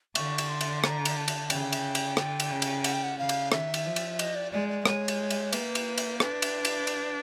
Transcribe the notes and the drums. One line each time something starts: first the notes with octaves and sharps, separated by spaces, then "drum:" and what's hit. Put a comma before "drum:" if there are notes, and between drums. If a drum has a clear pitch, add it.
D3 C#6, drum: cymbal
drum: cymbal
C6
drum: cymbal
A#5, drum: rim click
drum: cymbal
A5
drum: cymbal
C#3 G5, drum: cymbal
drum: cymbal
drum: cymbal
D3, drum: rim click
drum: cymbal
C#3
drum: cymbal
F#5, drum: cymbal
G5
F#5
C#3 F5
drum: cymbal
D#3 E5, drum: rim click
drum: cymbal
F3
drum: cymbal
D#5, drum: cymbal
D5
G#3 D5
D5
G#3 C#5, drum: rim click
drum: cymbal
drum: cymbal
A#3 B4, drum: cymbal
drum: cymbal
drum: cymbal
D4 B4, drum: rim click
drum: cymbal
drum: cymbal
drum: cymbal